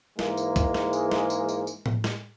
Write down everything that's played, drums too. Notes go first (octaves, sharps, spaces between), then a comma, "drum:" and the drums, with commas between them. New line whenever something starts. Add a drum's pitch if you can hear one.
G#2 E3 G#3 A#3, drum: snare
drum: tambourine
drum: kick, tambourine
drum: snare
drum: tambourine
drum: snare
drum: tambourine
drum: tambourine
drum: tambourine
drum: tom A2
drum: snare